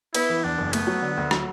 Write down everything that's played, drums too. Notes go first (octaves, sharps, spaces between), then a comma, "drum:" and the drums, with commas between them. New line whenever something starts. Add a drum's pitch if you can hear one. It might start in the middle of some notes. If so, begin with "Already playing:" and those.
B3 E4, drum: cymbal
E3
E2 D4
F#1
A3 B3, drum: cymbal
F#3
D3
D2
F#3, drum: rim click